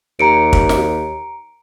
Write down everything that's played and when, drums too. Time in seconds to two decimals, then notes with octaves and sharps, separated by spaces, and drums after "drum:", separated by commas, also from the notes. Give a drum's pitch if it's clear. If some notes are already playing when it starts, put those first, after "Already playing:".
0.19 D#2 A#5 C#7 D7
0.53 drum: kick
0.69 drum: snare